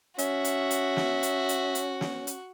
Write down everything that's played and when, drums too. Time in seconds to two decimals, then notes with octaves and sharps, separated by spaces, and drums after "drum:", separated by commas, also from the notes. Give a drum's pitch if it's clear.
0.18 C#4 F#4 E5, drum: hi-hat
0.45 drum: hi-hat
0.71 drum: hi-hat
0.97 drum: snare
1.23 drum: hi-hat
1.49 drum: hi-hat
1.75 drum: hi-hat
2.01 drum: snare
2.27 drum: hi-hat